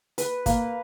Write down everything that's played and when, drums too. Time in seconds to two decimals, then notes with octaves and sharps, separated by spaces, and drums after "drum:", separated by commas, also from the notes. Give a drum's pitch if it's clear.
0.18 B4, drum: hi-hat
0.46 A#3, drum: kick, hi-hat